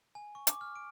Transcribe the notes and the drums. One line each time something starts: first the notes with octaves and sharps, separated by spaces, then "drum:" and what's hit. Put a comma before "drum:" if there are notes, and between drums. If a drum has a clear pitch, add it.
G#5
C#6
D6, drum: hi-hat
F6
D7